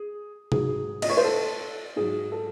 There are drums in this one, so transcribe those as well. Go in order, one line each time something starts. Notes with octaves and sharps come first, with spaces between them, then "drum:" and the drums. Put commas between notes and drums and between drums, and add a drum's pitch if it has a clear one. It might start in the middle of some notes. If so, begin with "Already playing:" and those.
Already playing: G#4
G#2 F#3 G#4, drum: tom
D#5, drum: cymbal
C#5
C5
A4
G#2 F#3 G#4
A4